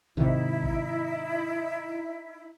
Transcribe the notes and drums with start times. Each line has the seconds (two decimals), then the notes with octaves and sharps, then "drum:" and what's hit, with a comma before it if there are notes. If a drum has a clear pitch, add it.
0.17 G#2 C3 D#3 D#4 E4 E5, drum: kick G#1
0.63 drum: kick G#1